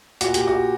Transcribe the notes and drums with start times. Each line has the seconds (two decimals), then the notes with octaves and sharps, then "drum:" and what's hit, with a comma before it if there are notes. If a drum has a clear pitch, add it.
0.21 A#2 F#4, drum: hi-hat
0.34 G4, drum: hi-hat
0.47 F#4